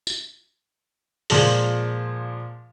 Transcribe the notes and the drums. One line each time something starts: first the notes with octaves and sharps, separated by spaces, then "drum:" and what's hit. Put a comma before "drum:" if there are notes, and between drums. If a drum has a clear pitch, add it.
drum: tambourine
A#2 F3 G#3, drum: open hi-hat